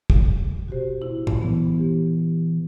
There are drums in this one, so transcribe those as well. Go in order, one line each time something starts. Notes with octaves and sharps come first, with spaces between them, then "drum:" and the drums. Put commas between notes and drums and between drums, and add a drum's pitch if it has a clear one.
drum: kick
B2 F#4 G4 C5
E4
B1 A#2, drum: tom A2
E3 B3
G4